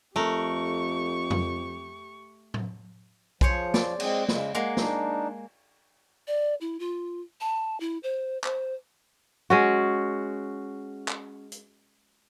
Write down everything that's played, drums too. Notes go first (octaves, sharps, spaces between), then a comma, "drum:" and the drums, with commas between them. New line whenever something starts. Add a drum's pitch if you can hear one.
F2 A3 G4 A#4 C#6
drum: tom F2
drum: tom A2
F3 G#4 C5 C#5, drum: kick B1
D5, drum: snare
G#3 C4 G#4, drum: cymbal
C#3 G#3, drum: snare
G#3 A#3 F#5 A#5
D4 D#4, drum: snare
D5
E4
F4
A5
E4
C5
C5, drum: clap
G#3 C#4 F#4
drum: clap
drum: hi-hat